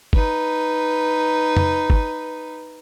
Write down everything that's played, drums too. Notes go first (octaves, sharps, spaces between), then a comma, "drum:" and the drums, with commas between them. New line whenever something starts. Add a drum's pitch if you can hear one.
D#4 B4, drum: kick G1
drum: tom F2
drum: kick G1